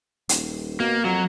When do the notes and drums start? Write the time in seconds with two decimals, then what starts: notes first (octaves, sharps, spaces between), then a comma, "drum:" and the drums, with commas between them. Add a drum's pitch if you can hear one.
0.29 D#1, drum: hi-hat
0.80 B2 A#3
1.05 F2 F#3